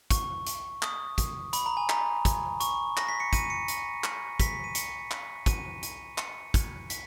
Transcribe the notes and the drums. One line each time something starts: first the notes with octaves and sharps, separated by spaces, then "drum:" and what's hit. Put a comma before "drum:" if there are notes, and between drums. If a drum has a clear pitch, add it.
C#6, drum: kick, hi-hat
drum: hi-hat
D#6, drum: clap
drum: kick, hi-hat
B5, drum: hi-hat
A#5
G#5
A#5, drum: clap
drum: kick, hi-hat
C#6, drum: hi-hat
A#6, drum: clap
B6
C#7
D#7, drum: kick, hi-hat
C#7
drum: hi-hat
drum: clap
B6, drum: kick, hi-hat
C#7
D#7
C#7, drum: hi-hat
drum: clap
D#7, drum: kick, hi-hat
drum: hi-hat
C#7, drum: clap
drum: kick, hi-hat
B6, drum: hi-hat